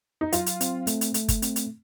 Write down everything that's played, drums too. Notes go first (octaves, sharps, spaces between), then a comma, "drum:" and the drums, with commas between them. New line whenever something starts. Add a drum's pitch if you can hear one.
D#4
F#3 F4, drum: hi-hat
drum: hi-hat
C4, drum: hi-hat
A3, drum: hi-hat
drum: hi-hat
A3, drum: hi-hat
drum: kick G1, hi-hat
C4, drum: hi-hat
drum: hi-hat